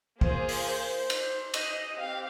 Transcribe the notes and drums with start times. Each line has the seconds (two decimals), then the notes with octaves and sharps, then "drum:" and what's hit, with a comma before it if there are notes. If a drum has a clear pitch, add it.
0.21 A#3 F4 G#4 C5, drum: kick
0.49 drum: open hi-hat
0.65 C5
1.10 C5, drum: cymbal
1.54 D#5, drum: cymbal
1.98 C4 G4 F5